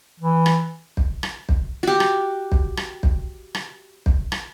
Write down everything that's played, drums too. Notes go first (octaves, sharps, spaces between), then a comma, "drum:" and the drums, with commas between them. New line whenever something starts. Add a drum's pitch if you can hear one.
E3
drum: rim click
drum: kick
drum: rim click
drum: kick
F#4 G4
drum: rim click
drum: kick
drum: rim click
drum: kick
drum: rim click
drum: kick
drum: rim click